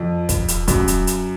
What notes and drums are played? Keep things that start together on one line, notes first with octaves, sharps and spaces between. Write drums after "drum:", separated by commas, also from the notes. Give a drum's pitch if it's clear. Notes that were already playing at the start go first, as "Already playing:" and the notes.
Already playing: F2
drum: kick, hi-hat
drum: hi-hat
F#2, drum: kick, hi-hat
drum: hi-hat
drum: hi-hat